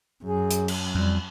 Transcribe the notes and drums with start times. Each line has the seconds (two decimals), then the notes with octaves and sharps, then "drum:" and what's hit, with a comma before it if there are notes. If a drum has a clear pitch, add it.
0.24 F#2 G#4
0.51 drum: hi-hat
0.68 drum: cymbal
0.95 F2 G3